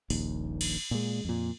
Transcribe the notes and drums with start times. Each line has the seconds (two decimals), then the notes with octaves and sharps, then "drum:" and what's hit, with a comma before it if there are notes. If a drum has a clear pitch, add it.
0.10 D#1 A#1 D#2, drum: open hi-hat
0.61 drum: cymbal
0.91 A#2 G#3
1.25 F2 A#2